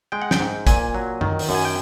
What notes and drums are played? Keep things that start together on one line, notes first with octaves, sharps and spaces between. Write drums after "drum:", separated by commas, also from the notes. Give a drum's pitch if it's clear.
G#3 G5
F#5
G5, drum: snare
G#2
A#2 G#5, drum: kick, hi-hat
F#3
D#3, drum: tom F#2
drum: open hi-hat
F#2
G#5
G5